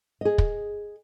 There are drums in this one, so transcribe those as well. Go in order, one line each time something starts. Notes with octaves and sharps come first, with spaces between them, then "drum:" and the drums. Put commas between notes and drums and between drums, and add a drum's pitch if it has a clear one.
G#4 D#5
drum: kick